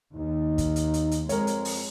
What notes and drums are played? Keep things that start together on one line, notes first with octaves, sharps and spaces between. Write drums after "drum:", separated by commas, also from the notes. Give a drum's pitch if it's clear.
D#2 D#4
drum: kick, hi-hat
drum: hi-hat
drum: hi-hat
drum: hi-hat
F2 G#3 A#4 C#5, drum: hi-hat
drum: hi-hat
drum: open hi-hat